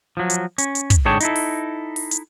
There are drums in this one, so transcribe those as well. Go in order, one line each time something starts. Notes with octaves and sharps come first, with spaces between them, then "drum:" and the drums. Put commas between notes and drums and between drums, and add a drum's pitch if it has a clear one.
F3 F#3
drum: hi-hat
C#4, drum: hi-hat
drum: hi-hat
drum: kick, hi-hat
G#2 D3 G#4 C#5 G5 A5
D#4 E4 A4, drum: hi-hat
drum: open hi-hat
drum: open hi-hat
drum: hi-hat